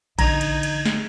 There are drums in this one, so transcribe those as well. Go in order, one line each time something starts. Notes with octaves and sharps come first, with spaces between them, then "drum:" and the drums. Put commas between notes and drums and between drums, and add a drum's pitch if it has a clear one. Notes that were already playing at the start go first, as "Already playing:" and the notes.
D3 E3 D#4 A#5 G#6, drum: kick A#1, cymbal
drum: cymbal
drum: cymbal
drum: snare